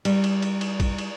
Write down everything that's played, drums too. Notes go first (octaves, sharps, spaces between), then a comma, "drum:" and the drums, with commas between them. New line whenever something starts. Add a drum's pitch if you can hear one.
G3, drum: cymbal
drum: cymbal
drum: cymbal
drum: cymbal
drum: kick, cymbal
drum: cymbal